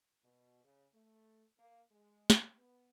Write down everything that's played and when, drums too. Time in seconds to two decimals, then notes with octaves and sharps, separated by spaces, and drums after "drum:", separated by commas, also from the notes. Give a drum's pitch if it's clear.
0.24 B2
0.64 C#3
0.94 A3
1.59 A#3
1.92 G#3
2.30 drum: snare
2.58 B3